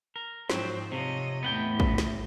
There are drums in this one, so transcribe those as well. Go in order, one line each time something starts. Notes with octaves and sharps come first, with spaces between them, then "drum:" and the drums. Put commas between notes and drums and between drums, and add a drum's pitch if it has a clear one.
A#4
G#2 F3 F#3 C4, drum: snare
C3 F3 C#5 D#5
E2 A2 B3 F#5 G5
drum: kick
drum: snare